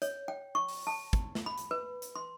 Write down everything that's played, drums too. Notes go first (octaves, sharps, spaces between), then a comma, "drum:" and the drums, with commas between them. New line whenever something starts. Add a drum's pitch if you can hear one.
C#5, drum: hi-hat
G5
C#6
drum: open hi-hat
A5
drum: kick, hi-hat
drum: snare
B5
drum: hi-hat
B4
drum: hi-hat
C6